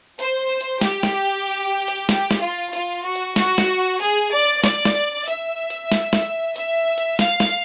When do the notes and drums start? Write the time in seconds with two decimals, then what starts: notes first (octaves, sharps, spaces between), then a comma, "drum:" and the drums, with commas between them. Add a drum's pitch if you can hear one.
0.19 C5, drum: hi-hat
0.61 drum: hi-hat
0.81 G4, drum: snare
1.03 drum: snare
1.88 drum: hi-hat
2.09 G4, drum: snare
2.31 drum: snare
2.41 F4
2.73 F4, drum: hi-hat
3.06 F#4
3.16 drum: hi-hat
3.36 F#4, drum: snare
3.58 drum: snare
4.00 G#4, drum: hi-hat
4.32 D5
4.64 D5, drum: snare
4.85 drum: snare
5.28 E5, drum: hi-hat
5.70 drum: hi-hat
5.92 drum: snare
6.13 drum: snare
6.56 E5, drum: hi-hat
6.98 drum: hi-hat
7.19 F5, drum: snare
7.40 drum: snare